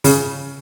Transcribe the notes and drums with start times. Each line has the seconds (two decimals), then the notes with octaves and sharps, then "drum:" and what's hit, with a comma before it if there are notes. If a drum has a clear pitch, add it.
0.04 C#3, drum: open hi-hat